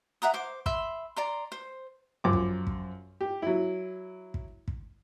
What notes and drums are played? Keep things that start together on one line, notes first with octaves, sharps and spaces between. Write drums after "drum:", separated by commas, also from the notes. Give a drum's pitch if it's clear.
E5 F#5 A#5 D#6
C5 D6
E5 B5 C6, drum: kick
D5 A#5 C6
C5
F#2 F3 D6
drum: kick
drum: kick
G4
F#3 E4
drum: kick
drum: kick